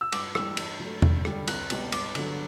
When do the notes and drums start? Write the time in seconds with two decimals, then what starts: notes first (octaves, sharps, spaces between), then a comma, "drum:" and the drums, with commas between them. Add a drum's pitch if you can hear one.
0.01 E6
0.12 G2 D6, drum: cymbal
0.35 E3 G3 E6, drum: rim click
0.57 G2, drum: cymbal
0.80 F#3 A3
1.02 G2, drum: tom
1.25 D3 G3, drum: rim click
1.47 C2 F#6, drum: cymbal
1.70 B2 G3, drum: cymbal
1.92 G2 D6, drum: cymbal
2.15 D3 F#3, drum: cymbal